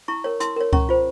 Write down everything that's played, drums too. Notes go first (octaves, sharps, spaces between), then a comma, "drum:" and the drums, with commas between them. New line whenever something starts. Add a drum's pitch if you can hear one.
E4 A#5 C#6
A#4 C#5
E4 C6 E6, drum: hi-hat
A#4 C#5
C#4 A#5 C#6, drum: kick C#2
F4 C5